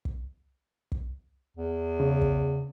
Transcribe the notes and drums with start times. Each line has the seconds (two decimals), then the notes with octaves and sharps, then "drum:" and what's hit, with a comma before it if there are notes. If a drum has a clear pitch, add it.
0.05 drum: kick
0.92 drum: kick
1.57 E2
2.00 C#3
2.21 drum: kick